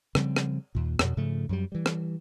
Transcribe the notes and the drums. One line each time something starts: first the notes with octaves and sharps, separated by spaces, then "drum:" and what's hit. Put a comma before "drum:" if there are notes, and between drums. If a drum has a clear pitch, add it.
C#3 F3 G3 C4, drum: rim click
drum: rim click
D#2 A#2
F2 B2, drum: rim click
G#2 C#3 F3 A3
F#2 F#3 G3
E3 G3
drum: rim click